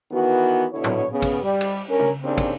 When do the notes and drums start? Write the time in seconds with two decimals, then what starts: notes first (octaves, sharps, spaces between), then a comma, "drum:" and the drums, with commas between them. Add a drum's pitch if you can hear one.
0.12 D#3 E3 B3 F#4
0.73 B2 D3 E4 C#5
0.84 drum: tom
1.11 C#3 B3
1.22 drum: kick, cymbal
1.42 G3
1.61 drum: cymbal
1.88 G2 C#4 A#4
1.99 drum: tom C#3
2.22 D#2 C#3 C4 D4
2.38 drum: kick, cymbal